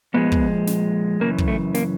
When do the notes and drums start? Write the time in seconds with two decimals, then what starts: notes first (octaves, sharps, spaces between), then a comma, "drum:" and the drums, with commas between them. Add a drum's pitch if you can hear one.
0.14 A#2 F3 G#3 B3
0.32 drum: kick
0.67 drum: snare
1.20 F#2 C#3 E3 A#3
1.38 drum: kick
1.48 A3
1.75 A#3, drum: snare